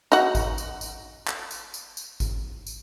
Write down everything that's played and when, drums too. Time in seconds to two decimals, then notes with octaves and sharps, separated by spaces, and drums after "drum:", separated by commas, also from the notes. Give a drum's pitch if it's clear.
0.12 D#4 F#4, drum: tambourine
0.35 drum: kick G#1, tambourine
0.58 drum: tambourine
0.81 drum: tambourine
1.27 drum: clap
1.51 drum: tambourine
1.74 drum: tambourine
1.97 drum: tambourine
2.20 drum: kick G#1, tambourine
2.67 drum: tambourine